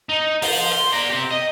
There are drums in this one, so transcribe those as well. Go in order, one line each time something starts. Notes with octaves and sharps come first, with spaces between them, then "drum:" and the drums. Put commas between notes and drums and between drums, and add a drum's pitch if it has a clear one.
D#4
F4 C5, drum: open hi-hat
C6
D5 A#5
C4 G4
D#5